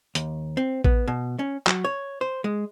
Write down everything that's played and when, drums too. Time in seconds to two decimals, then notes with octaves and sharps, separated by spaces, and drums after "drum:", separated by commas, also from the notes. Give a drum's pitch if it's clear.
0.15 D#2, drum: hi-hat
0.57 C4
0.84 B3, drum: kick A1
1.08 B2
1.39 C#4
1.67 F#3, drum: clap
1.85 C#5
2.21 C5
2.44 G#3